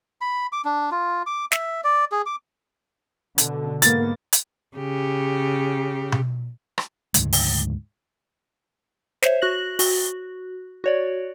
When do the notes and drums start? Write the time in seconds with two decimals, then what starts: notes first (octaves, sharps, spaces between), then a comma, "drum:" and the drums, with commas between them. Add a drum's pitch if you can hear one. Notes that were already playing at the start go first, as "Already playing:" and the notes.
0.21 B5
0.52 D6
0.65 D4
0.92 F4
1.27 D6
1.52 E5, drum: snare
1.84 D5
2.12 G#4
2.26 D6
3.38 B2 D3, drum: hi-hat
3.82 G#2 A#3 B3 A6, drum: hi-hat
4.33 drum: hi-hat
4.77 C#3 G4
6.12 drum: tom B2
6.78 drum: rim click
7.14 D2 G#2 C#3 G#3, drum: hi-hat
7.33 drum: open hi-hat
9.22 C5 C#5 E5, drum: snare
9.42 F#4 F#6 A#6 F#7
9.79 F#4, drum: open hi-hat
10.84 F#4 C#5 D5